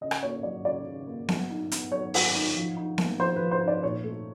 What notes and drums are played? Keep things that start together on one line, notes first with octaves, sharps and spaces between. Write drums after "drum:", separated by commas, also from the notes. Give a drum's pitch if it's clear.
C#3 D#5
drum: rim click
A#3 C#5
F#3 D5
C#3 D5
C#3
A#3
F#3, drum: snare B3
D#4
B3, drum: hi-hat
F#3 C#5
F#3, drum: open hi-hat
D#4
F3
D#4
A#3, drum: snare B3
F3 C5
B4
F3
C5
D#4
D5
A#2 C#5
A3